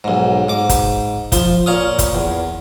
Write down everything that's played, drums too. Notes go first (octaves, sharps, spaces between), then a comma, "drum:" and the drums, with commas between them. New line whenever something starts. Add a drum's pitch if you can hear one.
B1 G#2
G#2 D6
drum: kick, hi-hat
F3, drum: kick, hi-hat
A#2 C#4 F5 D#6
drum: kick, hi-hat
E2